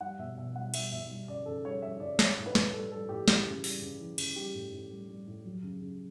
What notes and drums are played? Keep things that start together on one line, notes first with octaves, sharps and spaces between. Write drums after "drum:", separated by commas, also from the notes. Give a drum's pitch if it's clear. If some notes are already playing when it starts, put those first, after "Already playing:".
G3 F#5
B2 E5
B2 E5
G3 F#5
G3 E5, drum: cymbal
B2 E5
G3
C#3 D5
C#3 A4
G3 C#5
G3 E5
C#3 D5
G3 C#5, drum: snare
A2
B4
A2, drum: snare
G3 A4
G3 A4
A2 G4
E3, drum: snare
C#3
G3, drum: open hi-hat
C#3
E3
C#3, drum: cymbal
G3 G4
A2
A2
G3
G3
A2
F#3
C#3
C#3